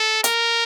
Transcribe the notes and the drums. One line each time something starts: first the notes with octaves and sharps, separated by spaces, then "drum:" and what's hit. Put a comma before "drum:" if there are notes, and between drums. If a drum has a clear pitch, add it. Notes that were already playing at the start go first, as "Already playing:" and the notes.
Already playing: A4
A#4, drum: hi-hat